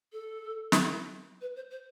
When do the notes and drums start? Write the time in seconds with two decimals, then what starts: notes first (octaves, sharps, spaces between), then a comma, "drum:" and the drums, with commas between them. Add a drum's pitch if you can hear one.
0.13 A4
0.72 drum: snare
1.41 B4
1.56 C5
1.71 C5